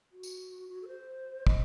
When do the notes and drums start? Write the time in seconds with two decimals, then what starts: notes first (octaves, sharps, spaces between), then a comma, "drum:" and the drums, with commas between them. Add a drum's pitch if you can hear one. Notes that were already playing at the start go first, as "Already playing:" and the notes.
0.12 F#4
0.23 drum: tambourine
0.69 F#4
0.82 A4
0.88 C5
1.47 D#5, drum: kick